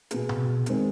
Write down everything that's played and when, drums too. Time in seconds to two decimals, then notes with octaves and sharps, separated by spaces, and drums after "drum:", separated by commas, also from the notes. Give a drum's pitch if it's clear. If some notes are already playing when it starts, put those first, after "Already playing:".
0.11 B2 B3 G#4, drum: hi-hat
0.29 drum: tom B2
0.66 F2 D#3 G#3 C4, drum: hi-hat